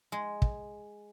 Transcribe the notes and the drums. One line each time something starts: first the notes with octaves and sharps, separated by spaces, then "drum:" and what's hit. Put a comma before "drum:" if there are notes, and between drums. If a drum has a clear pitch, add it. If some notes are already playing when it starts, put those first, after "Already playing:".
G#3
drum: kick